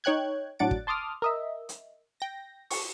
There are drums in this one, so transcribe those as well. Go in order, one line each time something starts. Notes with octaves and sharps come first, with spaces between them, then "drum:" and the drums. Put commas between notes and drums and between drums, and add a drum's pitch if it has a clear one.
D#4 C#5 G5 F#6 G#6
A2 F#3 D4 F#5 A6 D7
drum: kick
A5 C6 D6 D#6 F6
A#4 D#5 E5
drum: hi-hat
G5 A#6
C#6, drum: open hi-hat